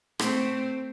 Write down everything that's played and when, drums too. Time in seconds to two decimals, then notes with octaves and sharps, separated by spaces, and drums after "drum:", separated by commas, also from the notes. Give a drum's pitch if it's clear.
0.19 A3 C4, drum: rim click